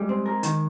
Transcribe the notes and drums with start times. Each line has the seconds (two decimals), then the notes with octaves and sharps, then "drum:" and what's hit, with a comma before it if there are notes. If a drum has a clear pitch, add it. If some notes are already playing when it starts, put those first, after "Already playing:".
Already playing: G3 G#3
0.09 C4
0.26 A#4
0.43 D#3, drum: hi-hat